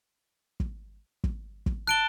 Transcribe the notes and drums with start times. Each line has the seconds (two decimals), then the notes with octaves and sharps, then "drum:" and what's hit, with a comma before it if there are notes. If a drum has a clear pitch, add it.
0.60 drum: kick
1.24 drum: kick
1.66 drum: kick
1.87 A5 F#6 D7 G7